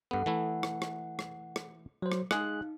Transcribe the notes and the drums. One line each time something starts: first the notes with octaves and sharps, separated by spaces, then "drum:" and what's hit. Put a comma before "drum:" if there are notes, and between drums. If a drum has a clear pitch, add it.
G2 B3 A4 F#5
E3 A3 E4 F#5
drum: rim click
drum: rim click
drum: rim click
drum: rim click
F#3 C5
drum: rim click
G#3 D#4 G#4 F5 F#6, drum: rim click